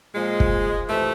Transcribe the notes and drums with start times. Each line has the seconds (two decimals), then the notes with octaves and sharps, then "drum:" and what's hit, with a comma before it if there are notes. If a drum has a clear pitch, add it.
0.15 A#2 F3 G#3
0.40 drum: kick
0.88 F2 C3 E3 A3